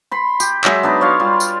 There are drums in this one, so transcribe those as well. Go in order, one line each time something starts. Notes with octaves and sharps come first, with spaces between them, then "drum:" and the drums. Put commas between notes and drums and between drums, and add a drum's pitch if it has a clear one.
B5 C6
G4, drum: tambourine
F#3 G#3 E5, drum: clap
B3 D4 D#4 B4
C#5 D5 F5 C6
G3 F4
drum: tambourine